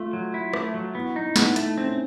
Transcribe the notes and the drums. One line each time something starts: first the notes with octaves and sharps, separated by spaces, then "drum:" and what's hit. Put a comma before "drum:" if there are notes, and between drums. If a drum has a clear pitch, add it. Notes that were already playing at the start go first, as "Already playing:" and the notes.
Already playing: A3 F4
F#3
E4
A3, drum: rim click
F#3
B3 E4
D#4
E4
B3, drum: snare
D#4
A3, drum: hi-hat
C4
C#4